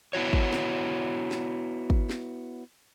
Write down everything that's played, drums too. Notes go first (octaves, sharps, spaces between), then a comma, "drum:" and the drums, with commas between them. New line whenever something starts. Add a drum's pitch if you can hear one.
B3 E4 F#4 C#5
drum: kick
drum: snare
drum: snare
drum: kick
drum: snare